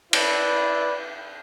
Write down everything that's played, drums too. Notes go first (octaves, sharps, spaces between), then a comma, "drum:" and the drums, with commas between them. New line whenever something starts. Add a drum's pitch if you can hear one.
E4 B4 D5, drum: cymbal